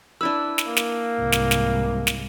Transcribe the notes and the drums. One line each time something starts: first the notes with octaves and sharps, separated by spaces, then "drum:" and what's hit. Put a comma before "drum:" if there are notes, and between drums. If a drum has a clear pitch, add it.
D4 E4 B4 E6
drum: snare
A#3
drum: snare
C2 G#2
drum: snare
drum: snare
drum: snare